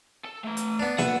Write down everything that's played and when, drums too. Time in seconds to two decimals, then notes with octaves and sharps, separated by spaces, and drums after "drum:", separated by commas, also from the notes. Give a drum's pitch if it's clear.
0.25 A4
0.44 A3 A#5
0.57 drum: hi-hat
0.79 B3 D4
0.98 B4 E5 F#5, drum: snare